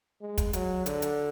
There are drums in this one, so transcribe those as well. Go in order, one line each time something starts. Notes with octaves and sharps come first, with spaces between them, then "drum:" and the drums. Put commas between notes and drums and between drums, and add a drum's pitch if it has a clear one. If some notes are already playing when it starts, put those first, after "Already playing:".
G#3
drum: kick, hi-hat
F#3, drum: hi-hat
D3, drum: hi-hat
drum: hi-hat